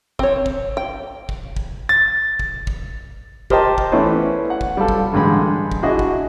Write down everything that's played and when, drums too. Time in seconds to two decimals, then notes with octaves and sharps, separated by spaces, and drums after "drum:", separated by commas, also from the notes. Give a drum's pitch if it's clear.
0.19 C4 C#5, drum: kick
0.46 drum: kick
0.77 G5
1.29 drum: kick
1.56 drum: kick
1.89 A6
2.39 drum: kick
2.67 drum: kick
3.50 G4 A#4 C5 D#5 G5 A5, drum: kick
3.78 drum: kick
3.92 E3 A3 B3 C#4 C5 D5
4.50 F#5
4.61 drum: kick
4.77 G3 F4 A4
4.88 drum: kick
5.12 A1 G2 D3 G#3 B5
5.71 drum: kick
5.82 D4 E4 F#4 G#4 D#5
5.99 drum: kick